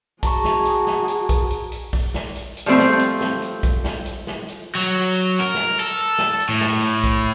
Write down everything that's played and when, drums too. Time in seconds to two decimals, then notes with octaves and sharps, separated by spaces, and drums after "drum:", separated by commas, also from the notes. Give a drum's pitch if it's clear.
0.23 F#4 G#4 A5 A#5 C#6, drum: kick, hi-hat
0.44 drum: snare
0.65 drum: hi-hat
0.87 drum: snare
1.08 drum: hi-hat
1.29 drum: kick, hi-hat
1.50 drum: hi-hat
1.72 drum: hi-hat
1.93 drum: kick, open hi-hat
2.14 drum: snare
2.36 drum: hi-hat
2.57 drum: hi-hat
2.66 F3 G3 A3 C4
2.78 drum: snare
2.99 drum: hi-hat
3.21 drum: snare
3.42 drum: hi-hat
3.63 drum: kick, hi-hat
3.84 drum: snare
4.06 drum: hi-hat
4.27 drum: snare
4.48 drum: hi-hat
4.75 F#3
4.91 drum: hi-hat
5.12 drum: hi-hat
5.40 A#4
5.55 drum: snare
5.80 A4
5.97 drum: hi-hat
6.18 drum: snare
6.40 drum: hi-hat
6.49 A2
6.61 drum: snare
6.82 drum: hi-hat
7.04 drum: kick, hi-hat